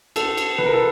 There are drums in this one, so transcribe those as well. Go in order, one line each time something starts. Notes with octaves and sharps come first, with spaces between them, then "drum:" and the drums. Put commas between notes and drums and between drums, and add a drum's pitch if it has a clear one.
A4, drum: cymbal
drum: cymbal
B4, drum: tom C3
A#4
A4